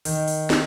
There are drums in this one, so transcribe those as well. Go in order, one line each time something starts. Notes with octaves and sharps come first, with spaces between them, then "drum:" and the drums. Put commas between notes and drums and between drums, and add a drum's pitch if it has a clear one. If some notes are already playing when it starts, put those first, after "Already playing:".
D#3, drum: open hi-hat
drum: open hi-hat
drum: snare